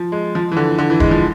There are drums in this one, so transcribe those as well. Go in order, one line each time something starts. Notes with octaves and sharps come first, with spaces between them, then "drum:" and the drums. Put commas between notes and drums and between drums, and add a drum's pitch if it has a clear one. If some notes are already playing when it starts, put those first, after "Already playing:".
Already playing: F3
G#3
F3
E3
D3
D3
E3
G#3, drum: kick E1
F3